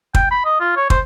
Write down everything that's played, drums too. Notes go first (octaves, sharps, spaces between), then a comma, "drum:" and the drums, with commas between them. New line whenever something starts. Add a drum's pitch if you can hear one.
G5, drum: kick
B5
D#5
F4
C#5
C5, drum: kick